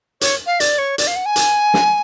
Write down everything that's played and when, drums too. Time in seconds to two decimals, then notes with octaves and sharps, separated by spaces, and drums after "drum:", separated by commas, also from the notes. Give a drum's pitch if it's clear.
0.21 C#5, drum: hi-hat
0.47 F5
0.60 D5, drum: hi-hat
0.78 C#5
0.98 D5, drum: hi-hat
1.07 F5
1.16 F#5
1.26 G#5
1.36 drum: hi-hat
1.74 drum: snare